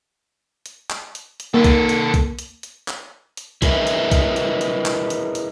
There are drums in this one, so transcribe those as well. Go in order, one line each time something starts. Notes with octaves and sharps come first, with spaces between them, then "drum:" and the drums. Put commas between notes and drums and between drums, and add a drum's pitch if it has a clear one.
drum: hi-hat
drum: clap
drum: hi-hat
drum: hi-hat
D#3 A#3 A4
drum: kick B1, hi-hat
drum: hi-hat
drum: kick B1, hi-hat
drum: hi-hat
drum: hi-hat
drum: clap
drum: hi-hat
E4 G#4 A#4 B4 D#5 E5, drum: kick B1, hi-hat
drum: hi-hat
drum: kick B1, hi-hat
drum: hi-hat
drum: hi-hat
drum: clap
drum: hi-hat
drum: hi-hat